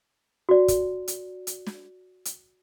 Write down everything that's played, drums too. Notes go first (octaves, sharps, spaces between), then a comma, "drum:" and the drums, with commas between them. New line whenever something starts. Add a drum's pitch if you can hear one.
F#4 D5
drum: kick, hi-hat
drum: hi-hat
drum: hi-hat
drum: snare
drum: hi-hat